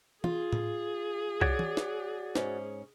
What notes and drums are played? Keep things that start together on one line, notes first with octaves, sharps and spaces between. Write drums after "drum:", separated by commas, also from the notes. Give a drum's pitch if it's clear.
F4 G#4, drum: tom
drum: tom A2
F#4 C#5 D5, drum: kick C2
drum: tom
drum: snare
G#2 C#4, drum: snare